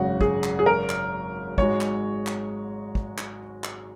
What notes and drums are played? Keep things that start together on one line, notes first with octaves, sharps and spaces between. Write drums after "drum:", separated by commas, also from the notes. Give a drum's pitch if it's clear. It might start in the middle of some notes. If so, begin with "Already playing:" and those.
Already playing: G#1 F#2 C#3 F#4
G#4, drum: kick
drum: clap
G#4
A#4
drum: clap
G#2 G#3 F#4 C#5, drum: kick
drum: clap
drum: clap
drum: kick
drum: clap
drum: clap